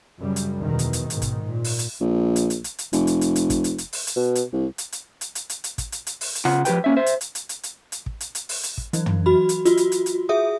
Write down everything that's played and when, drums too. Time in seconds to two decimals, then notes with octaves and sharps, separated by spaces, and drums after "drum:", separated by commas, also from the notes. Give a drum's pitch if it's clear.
0.18 F#2 C#3 G3
0.36 drum: hi-hat
0.59 E2 B2 D#3
0.79 drum: hi-hat
0.93 drum: hi-hat
1.10 G#2 B2 D#3, drum: hi-hat
1.22 drum: kick, hi-hat
1.44 A#2
1.64 drum: open hi-hat
1.79 drum: hi-hat
2.00 A#1
2.36 drum: hi-hat
2.50 drum: hi-hat
2.64 drum: hi-hat
2.79 drum: hi-hat
2.93 F1, drum: hi-hat
3.07 drum: hi-hat
3.21 drum: hi-hat
3.36 drum: hi-hat
3.50 drum: kick, hi-hat
3.64 drum: hi-hat
3.78 drum: hi-hat
3.93 drum: open hi-hat
4.07 drum: hi-hat
4.16 B2
4.35 drum: hi-hat
4.53 C2
4.78 drum: hi-hat
4.92 drum: hi-hat
5.21 drum: hi-hat
5.35 drum: hi-hat
5.50 drum: hi-hat
5.64 drum: hi-hat
5.78 drum: kick, hi-hat
5.92 drum: hi-hat
6.07 drum: hi-hat
6.21 drum: open hi-hat
6.35 drum: hi-hat
6.45 C#3 F4 F#5
6.65 F3 G4 B4 G5, drum: hi-hat
6.84 A#3 C#4 E5
6.97 C5 E5
7.06 drum: hi-hat
7.21 drum: hi-hat
7.35 drum: hi-hat
7.49 drum: hi-hat
7.63 drum: hi-hat
7.92 drum: hi-hat
8.06 drum: kick
8.21 drum: hi-hat
8.35 drum: hi-hat
8.49 drum: open hi-hat
8.63 drum: hi-hat
8.78 drum: kick
8.93 E3 F#3, drum: hi-hat
9.06 drum: tom
9.26 F#4 B5
9.49 drum: hi-hat
9.65 F4 F#4, drum: hi-hat
9.77 drum: hi-hat
9.92 drum: hi-hat
10.06 drum: hi-hat
10.29 G#4 E5 D#6